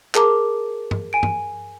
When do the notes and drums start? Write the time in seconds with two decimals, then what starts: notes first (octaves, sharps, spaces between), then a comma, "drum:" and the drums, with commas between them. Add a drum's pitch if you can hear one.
0.15 G#4 A#4 A5 A#5 D6, drum: clap
0.91 drum: tom G2
1.13 G#5 D7
1.23 drum: tom G2